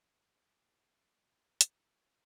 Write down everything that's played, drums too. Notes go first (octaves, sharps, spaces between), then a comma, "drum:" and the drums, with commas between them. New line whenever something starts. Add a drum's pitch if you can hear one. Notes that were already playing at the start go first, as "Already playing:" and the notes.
Already playing: F2 C#3 F3 C4 E4
C2 A#2 G3 A#3 F4
G#2 E3 A#3 E4, drum: hi-hat